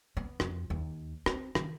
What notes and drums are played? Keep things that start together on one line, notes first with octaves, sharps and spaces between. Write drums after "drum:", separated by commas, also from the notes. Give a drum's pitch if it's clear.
B3
F2, drum: rim click
D#2
C4, drum: rim click
D#3, drum: rim click